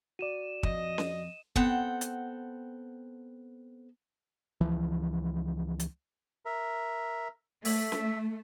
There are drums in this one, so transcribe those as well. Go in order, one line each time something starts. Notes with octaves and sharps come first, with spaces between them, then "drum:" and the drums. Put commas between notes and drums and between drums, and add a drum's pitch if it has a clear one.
F#4 D5 D#7 E7
F2 D#5, drum: kick
drum: snare C#4
B3 C4 A4 F#5 G5, drum: kick
drum: hi-hat
C#2 E3 F3
drum: hi-hat
A#4 E5
A3 E5, drum: open hi-hat
drum: snare C#4